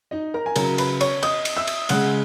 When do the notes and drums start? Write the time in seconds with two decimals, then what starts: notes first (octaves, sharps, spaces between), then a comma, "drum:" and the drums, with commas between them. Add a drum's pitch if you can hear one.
0.11 D#4 D#5
0.34 A#4 A#5
0.46 G#5
0.56 C#3 F#3 A#4 A#5, drum: cymbal
0.78 B4 B5, drum: cymbal
1.01 C#5 C#6, drum: cymbal
1.23 D#5 D#6, drum: cymbal
1.45 drum: cymbal
1.57 E5 E6
1.67 drum: cymbal
1.89 C#3 G#3 F#5 F#6, drum: cymbal